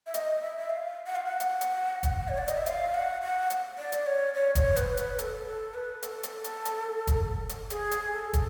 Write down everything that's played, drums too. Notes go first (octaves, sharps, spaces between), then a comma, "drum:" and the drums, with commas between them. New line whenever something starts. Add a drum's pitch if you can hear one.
E5
D#5, drum: hi-hat
E5
E5
F5
F#5
F5
F#5
drum: hi-hat
drum: hi-hat
drum: kick, hi-hat
C#5
D5
D#5, drum: hi-hat
E5
F5, drum: hi-hat
F#5
F#5
drum: hi-hat
D5
drum: hi-hat
C#5
C#5
C#5, drum: kick, hi-hat
B4, drum: hi-hat
B4, drum: hi-hat
A4, drum: hi-hat
A4
B4
A4, drum: hi-hat
drum: hi-hat
drum: hi-hat
drum: hi-hat
drum: kick, hi-hat
drum: hi-hat
G#4, drum: hi-hat
drum: hi-hat
A4
drum: kick, hi-hat